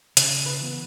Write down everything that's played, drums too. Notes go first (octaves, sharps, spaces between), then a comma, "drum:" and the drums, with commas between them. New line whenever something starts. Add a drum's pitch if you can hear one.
C#3 C#5, drum: hi-hat
B4
E3 B3